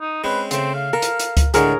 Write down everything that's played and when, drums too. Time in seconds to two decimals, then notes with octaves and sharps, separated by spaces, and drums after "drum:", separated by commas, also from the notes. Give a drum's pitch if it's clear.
0.01 D#4
0.24 G#3 C4 C#4 B4
0.51 C#3 A3 C4, drum: hi-hat
0.74 F5
0.93 A4 A#4
1.02 drum: hi-hat
1.20 drum: hi-hat
1.37 drum: kick C#2, hi-hat
1.54 A2 D3 G#3 G#4 A#4 C#5, drum: hi-hat